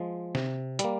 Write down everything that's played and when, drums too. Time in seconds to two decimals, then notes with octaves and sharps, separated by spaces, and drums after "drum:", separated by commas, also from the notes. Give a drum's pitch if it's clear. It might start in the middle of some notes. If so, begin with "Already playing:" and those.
Already playing: F3 G#3
0.35 C3, drum: snare
0.79 G3, drum: hi-hat
0.84 A#3